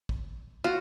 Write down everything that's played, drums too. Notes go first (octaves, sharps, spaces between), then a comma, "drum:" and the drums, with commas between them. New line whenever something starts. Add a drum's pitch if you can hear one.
drum: kick
F4 F#4